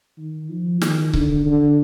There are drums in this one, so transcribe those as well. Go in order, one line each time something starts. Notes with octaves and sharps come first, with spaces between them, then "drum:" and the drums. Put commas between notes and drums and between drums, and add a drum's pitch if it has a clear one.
D#3
F3
D#3, drum: snare
D3, drum: kick C#1
D3